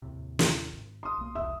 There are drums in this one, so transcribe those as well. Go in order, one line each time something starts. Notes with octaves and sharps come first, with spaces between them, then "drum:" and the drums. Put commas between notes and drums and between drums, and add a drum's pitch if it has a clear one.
D#2 A2 C3
drum: snare
G#1
C6 D#6
B1 A#3
E1 C2 E5 E6